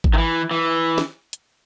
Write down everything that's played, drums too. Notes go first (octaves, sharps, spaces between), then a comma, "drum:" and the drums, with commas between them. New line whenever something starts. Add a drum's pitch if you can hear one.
drum: kick G#1
D#3
E3
E3
drum: snare
drum: hi-hat